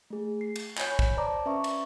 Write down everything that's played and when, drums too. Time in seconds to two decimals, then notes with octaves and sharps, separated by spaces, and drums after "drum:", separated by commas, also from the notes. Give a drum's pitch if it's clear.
0.10 A3 G#4
0.41 C7
0.56 drum: cymbal
0.77 C#5 G#5 B5 G6, drum: clap
0.99 drum: kick
1.17 C5 D5 A5 A#5 D6
1.46 C#4 B4 E5 A#5 C#6
1.64 drum: cymbal